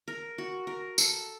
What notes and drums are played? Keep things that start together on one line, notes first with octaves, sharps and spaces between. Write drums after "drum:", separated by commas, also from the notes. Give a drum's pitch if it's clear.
A#4
F#4
A#4
A4, drum: tambourine